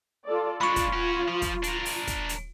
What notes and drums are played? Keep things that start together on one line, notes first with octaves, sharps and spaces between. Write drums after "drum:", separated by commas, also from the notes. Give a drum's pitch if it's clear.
F4 A4 D5
G#3 D4 F4 B5 C#6
drum: kick, hi-hat
C#4 F#4
F3
drum: kick, hi-hat
D4 A#4, drum: hi-hat
drum: open hi-hat
drum: kick, hi-hat
drum: hi-hat